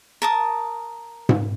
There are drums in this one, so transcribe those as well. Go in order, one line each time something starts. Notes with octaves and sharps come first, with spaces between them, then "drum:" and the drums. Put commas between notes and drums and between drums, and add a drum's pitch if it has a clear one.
A#4 A5 D#6
drum: tom G#2